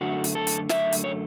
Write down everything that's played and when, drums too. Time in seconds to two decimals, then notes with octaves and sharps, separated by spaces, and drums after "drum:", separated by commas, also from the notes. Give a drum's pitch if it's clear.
0.01 F#2 D3 A3 F#4
0.24 drum: hi-hat
0.35 A4
0.47 drum: hi-hat
0.69 F#2 D3 A3 E5, drum: snare
0.92 drum: hi-hat
1.04 C#5